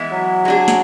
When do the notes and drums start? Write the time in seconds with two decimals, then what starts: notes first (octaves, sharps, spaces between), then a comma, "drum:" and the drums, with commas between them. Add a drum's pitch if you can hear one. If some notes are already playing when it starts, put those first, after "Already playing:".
Already playing: E3 G#3 B3 E4
0.12 F#3
0.45 G#3 D4 G#4
0.68 drum: snare